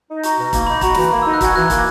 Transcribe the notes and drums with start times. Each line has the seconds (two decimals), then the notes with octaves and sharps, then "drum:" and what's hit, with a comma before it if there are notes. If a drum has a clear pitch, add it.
0.09 D#4
0.23 F#4 A#5, drum: hi-hat
0.37 B2
0.53 A#3, drum: kick, hi-hat
0.67 D#4 B5
0.81 F#4 A#5, drum: kick, hi-hat
0.94 E3 B5, drum: snare
1.11 A#3
1.22 D#4 E6
1.34 F#6
1.41 F#4 G#5 G#6, drum: kick, hi-hat
1.55 E3 F#6
1.70 A#3, drum: kick, hi-hat